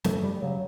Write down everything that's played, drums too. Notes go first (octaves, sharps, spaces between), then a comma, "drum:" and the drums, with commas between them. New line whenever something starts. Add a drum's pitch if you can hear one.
F#2 A3, drum: snare
G3
C#3 F#3